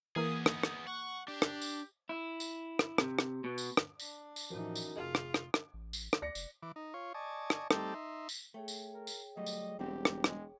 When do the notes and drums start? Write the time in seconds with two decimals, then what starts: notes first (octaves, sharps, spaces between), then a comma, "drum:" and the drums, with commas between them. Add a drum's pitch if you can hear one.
0.16 E3 A#3 B3 G#4 D#6
0.46 D#4, drum: rim click
0.63 drum: rim click
0.87 F#5 C#6
1.28 D4 G4
1.42 drum: rim click
1.62 drum: tambourine
2.09 E4
2.40 drum: tambourine
2.79 drum: rim click
2.98 C3, drum: rim click
3.19 drum: rim click
3.44 B2
3.58 drum: tambourine
3.77 drum: rim click
4.00 D4, drum: tambourine
4.36 drum: tambourine
4.50 F#2 A2 E3 F3 D#4
4.76 drum: tambourine
4.96 F1 F4 G#4
5.15 drum: rim click
5.34 drum: rim click
5.54 drum: rim click
5.74 A1
5.93 drum: tambourine
6.13 drum: rim click
6.22 D2 D5 A#6 C#7
6.35 F1, drum: tambourine
6.62 E3 D6
6.76 D#4
6.94 F4 C#5 C#6
7.14 D5 D#5 G#5 A5 C#6
7.50 drum: rim click
7.71 G3 A3 C4 D#4 G4 A4, drum: rim click
7.94 D#4 E5 C6
8.29 drum: tambourine
8.54 A3 G#4 C#5 G5
8.68 drum: tambourine
8.94 A#4
9.07 drum: tambourine
9.37 F#3 G3 A3 D#5
9.46 drum: tambourine
9.79 E1 G3 C4 F#4 G4
10.05 drum: rim click
10.24 G#3, drum: rim click